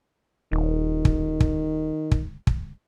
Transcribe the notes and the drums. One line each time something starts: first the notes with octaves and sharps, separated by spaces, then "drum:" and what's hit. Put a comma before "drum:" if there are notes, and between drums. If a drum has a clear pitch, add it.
D#1 D#3
drum: kick
drum: kick
drum: kick
drum: kick